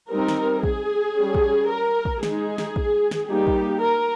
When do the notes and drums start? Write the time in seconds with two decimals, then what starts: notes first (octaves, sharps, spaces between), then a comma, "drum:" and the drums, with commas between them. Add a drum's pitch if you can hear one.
0.11 G3 C4 D#4 A#4
0.28 drum: snare
0.63 G#4, drum: kick
1.17 G3 C#4
1.35 drum: kick
1.71 A#4
2.05 drum: kick
2.23 G#3 D#4 G#4, drum: snare
2.58 drum: snare
2.76 drum: kick
3.11 drum: snare
3.29 G3 A#3 D#4 G4
3.47 drum: kick
3.82 A#4